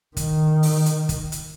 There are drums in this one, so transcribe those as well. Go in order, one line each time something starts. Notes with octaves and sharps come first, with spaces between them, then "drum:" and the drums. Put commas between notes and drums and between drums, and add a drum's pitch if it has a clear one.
D#3, drum: kick, hi-hat
drum: open hi-hat
drum: hi-hat
drum: kick, hi-hat
drum: hi-hat